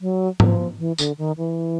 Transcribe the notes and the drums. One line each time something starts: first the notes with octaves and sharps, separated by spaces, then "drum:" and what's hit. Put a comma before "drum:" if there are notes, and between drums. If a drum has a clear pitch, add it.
F#3
F3, drum: tom G#2
E3
D3, drum: tambourine
D#3
E3